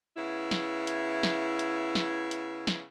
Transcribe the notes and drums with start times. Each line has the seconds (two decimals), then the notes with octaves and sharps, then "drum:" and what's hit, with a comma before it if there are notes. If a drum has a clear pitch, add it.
0.15 C#3 B3 E4
0.51 drum: snare
0.87 drum: hi-hat
1.23 drum: snare
1.59 drum: hi-hat
1.95 drum: snare
2.31 drum: hi-hat
2.67 drum: snare